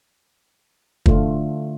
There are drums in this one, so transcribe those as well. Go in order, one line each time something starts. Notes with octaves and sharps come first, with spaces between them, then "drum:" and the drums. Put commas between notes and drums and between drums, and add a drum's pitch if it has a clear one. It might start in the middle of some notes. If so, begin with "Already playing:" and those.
D3 A3 F4, drum: kick